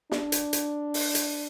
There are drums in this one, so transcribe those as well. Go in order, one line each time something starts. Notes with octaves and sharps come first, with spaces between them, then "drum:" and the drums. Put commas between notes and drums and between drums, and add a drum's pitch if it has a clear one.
D4, drum: snare
drum: hi-hat
drum: hi-hat
drum: open hi-hat
drum: hi-hat